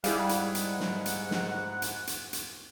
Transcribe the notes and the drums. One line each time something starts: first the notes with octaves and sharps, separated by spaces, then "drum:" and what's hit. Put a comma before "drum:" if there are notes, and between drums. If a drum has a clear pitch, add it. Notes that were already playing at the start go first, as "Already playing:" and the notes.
G#2 G3 E4 G#4 F5 F#5, drum: hi-hat
drum: hi-hat
drum: hi-hat
drum: snare
drum: hi-hat
drum: snare
drum: hi-hat
drum: hi-hat
drum: hi-hat